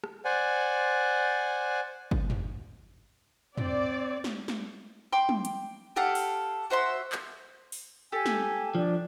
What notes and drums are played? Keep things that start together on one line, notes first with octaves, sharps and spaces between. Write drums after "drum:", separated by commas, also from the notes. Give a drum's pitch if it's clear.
drum: rim click
C5 D5 F#5 G#5
drum: kick G1
drum: tom
C4 D5, drum: tom
drum: snare
drum: snare
G5 C6 D6
drum: tom
drum: hi-hat
G4 A4 F5 F#5
drum: open hi-hat
F#4 C5 E5 C6
drum: clap
drum: open hi-hat
G4 A4 G#5
drum: snare
F3 D4